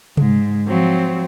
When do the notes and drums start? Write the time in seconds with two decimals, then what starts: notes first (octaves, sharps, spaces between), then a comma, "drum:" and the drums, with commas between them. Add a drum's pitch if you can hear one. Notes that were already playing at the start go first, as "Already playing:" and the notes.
0.17 G#2, drum: tom C3
0.68 F3 F#3 C4